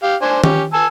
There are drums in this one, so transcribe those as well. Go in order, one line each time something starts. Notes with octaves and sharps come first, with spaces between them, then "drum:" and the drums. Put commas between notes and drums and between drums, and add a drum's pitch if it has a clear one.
G4 F5
D4 C5 G#5
C#4 G4, drum: tom D#3
G#5 A5 E6